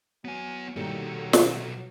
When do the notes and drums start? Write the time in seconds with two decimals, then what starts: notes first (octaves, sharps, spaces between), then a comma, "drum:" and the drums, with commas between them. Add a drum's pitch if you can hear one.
0.25 F#3 B3 G#5
0.76 B1 D#3 F#3 G3 A#3 A4
1.33 drum: snare